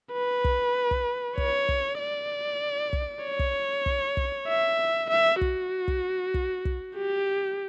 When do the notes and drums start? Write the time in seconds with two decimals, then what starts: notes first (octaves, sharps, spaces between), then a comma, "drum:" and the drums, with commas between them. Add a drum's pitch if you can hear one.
0.13 B4
0.44 drum: kick
0.91 drum: kick
1.38 C#5, drum: kick
1.69 drum: kick
2.00 D5
2.93 drum: kick
3.24 C#5
3.39 drum: kick
3.86 drum: kick
4.17 drum: kick
4.48 E5
5.10 E5
5.41 F#4, drum: kick
5.88 drum: kick
6.34 drum: kick
6.65 drum: kick
6.96 G4